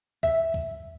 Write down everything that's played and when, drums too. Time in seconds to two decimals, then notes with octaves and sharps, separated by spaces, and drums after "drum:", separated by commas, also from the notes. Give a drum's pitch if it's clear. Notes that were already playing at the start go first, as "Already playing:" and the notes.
0.23 E5, drum: kick
0.54 drum: kick